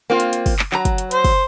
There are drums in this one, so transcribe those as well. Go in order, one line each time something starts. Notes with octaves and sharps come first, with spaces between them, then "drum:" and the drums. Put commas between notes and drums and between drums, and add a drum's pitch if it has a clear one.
A#3 C4 F4
drum: hi-hat
drum: hi-hat
drum: kick, open hi-hat
drum: clap
F#3 A#5, drum: clap
drum: kick, hi-hat
drum: hi-hat
C5, drum: hi-hat
drum: kick, open hi-hat